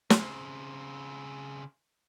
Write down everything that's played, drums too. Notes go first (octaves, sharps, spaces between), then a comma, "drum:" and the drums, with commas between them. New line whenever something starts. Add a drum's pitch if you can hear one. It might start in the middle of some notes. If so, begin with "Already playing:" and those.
C#3 C4, drum: snare